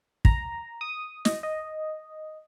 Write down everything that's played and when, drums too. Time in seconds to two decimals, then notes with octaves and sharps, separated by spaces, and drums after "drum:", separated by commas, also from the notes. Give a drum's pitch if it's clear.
0.25 A#5, drum: kick
0.81 D#6
1.25 D#5, drum: snare
1.43 D#5